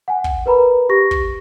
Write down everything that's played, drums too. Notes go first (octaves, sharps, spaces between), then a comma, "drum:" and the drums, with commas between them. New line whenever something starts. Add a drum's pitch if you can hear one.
F#5 G#5
drum: kick
A#4 B4 A#5 B5
G4 C#6 A#6
drum: kick